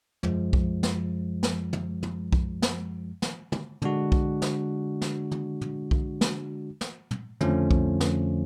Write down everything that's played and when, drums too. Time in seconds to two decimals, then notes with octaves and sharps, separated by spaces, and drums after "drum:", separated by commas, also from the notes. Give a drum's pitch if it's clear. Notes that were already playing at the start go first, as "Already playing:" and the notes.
0.23 F#2 F3 G#3, drum: tom
0.53 drum: kick B1
0.83 drum: snare
1.43 drum: snare
1.73 drum: tom
2.03 drum: tom
2.33 drum: kick B1
2.62 drum: snare
3.22 drum: snare
3.52 drum: tom
3.82 D3 G#3 D4 F#4, drum: tom
4.12 drum: kick B1
4.42 drum: snare
5.02 drum: snare
5.31 drum: tom
5.61 drum: tom
5.91 drum: kick B1
6.21 drum: snare
6.81 drum: snare
7.11 drum: tom
7.41 F2 D3 F3 A3 C#4, drum: tom
7.71 drum: kick B1
8.00 drum: snare